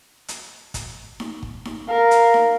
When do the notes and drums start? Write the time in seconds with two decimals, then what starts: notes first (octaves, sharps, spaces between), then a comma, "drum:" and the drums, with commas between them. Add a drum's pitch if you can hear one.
0.28 drum: hi-hat
0.74 drum: kick, hi-hat
1.20 drum: snare D#4
1.43 drum: kick
1.65 drum: snare D#4
1.88 A#4 F5
2.11 drum: hi-hat
2.34 drum: snare D#4